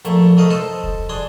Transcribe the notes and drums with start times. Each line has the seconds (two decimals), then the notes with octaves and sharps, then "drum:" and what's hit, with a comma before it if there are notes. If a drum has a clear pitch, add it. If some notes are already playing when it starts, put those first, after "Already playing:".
0.05 A#1 A#2 A3, drum: hi-hat
0.37 G#2 A3 D#5 F5
0.50 A4 C5 D#5
0.84 drum: kick E1
1.09 D4 G#4 C6